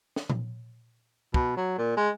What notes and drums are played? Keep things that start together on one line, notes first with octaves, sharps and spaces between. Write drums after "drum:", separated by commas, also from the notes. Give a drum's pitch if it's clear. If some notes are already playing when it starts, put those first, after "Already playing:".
drum: snare
drum: tom A#2
B2, drum: kick
F#3
A#2
G#3